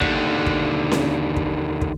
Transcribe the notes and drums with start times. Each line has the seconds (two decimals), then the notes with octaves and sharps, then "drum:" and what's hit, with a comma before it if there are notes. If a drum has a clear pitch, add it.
0.01 D#2 D3, drum: kick
0.46 drum: kick
0.91 drum: snare C#4
1.37 drum: kick
1.82 drum: kick